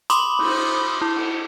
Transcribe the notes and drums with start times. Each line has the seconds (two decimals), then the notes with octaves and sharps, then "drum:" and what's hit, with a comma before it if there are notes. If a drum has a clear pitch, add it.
0.10 B5 C6 D6 D#6 F#7, drum: hi-hat
0.39 drum: cymbal
1.02 E4
1.16 drum: cymbal